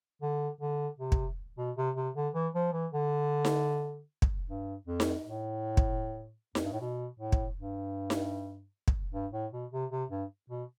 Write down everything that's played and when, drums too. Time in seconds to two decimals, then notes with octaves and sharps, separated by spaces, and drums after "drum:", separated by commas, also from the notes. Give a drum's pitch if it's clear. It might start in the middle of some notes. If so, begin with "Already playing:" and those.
0.22 D3
0.61 D3
0.98 C3
1.12 drum: kick
1.58 B2
1.77 C3
1.96 C3
2.15 D3
2.34 E3
2.55 F3
2.73 E3
2.93 D3
3.45 drum: snare D#4
4.22 drum: kick
4.48 G2
4.87 F2
5.00 drum: snare D#4
5.25 A2
5.77 drum: kick
6.55 F2, drum: snare D#4
6.64 G2
6.73 A2
6.81 B2
7.19 A2
7.32 drum: kick
7.58 G2
8.10 drum: snare D#4
8.88 drum: kick
9.13 G2
9.33 A2
9.52 B2
9.72 C3
9.91 C3
10.10 G2
10.50 B2